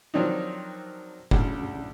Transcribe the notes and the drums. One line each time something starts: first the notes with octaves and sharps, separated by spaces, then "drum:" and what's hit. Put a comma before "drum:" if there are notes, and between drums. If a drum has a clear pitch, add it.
D#3 F3 F#3 C4 D4 D#4
D2 C#3, drum: kick F1